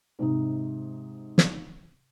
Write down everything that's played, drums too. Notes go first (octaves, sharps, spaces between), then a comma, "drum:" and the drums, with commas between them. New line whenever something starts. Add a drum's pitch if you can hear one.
G#2 C3 D#4
drum: snare